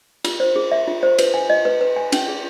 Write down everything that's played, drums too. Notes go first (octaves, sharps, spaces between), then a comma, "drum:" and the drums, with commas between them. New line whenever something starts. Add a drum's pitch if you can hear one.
F4, drum: cymbal
C5
G#4
E5
F4
C5
B4, drum: cymbal
G#5
D#5
B4
B4
G#5
C#4, drum: cymbal
G#4